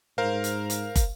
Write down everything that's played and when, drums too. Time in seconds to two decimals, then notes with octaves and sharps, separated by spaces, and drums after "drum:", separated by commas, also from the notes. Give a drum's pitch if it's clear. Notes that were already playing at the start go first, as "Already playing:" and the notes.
0.18 G#2 A#4 C5 F5
0.44 drum: hi-hat
0.70 drum: hi-hat
0.96 drum: kick, hi-hat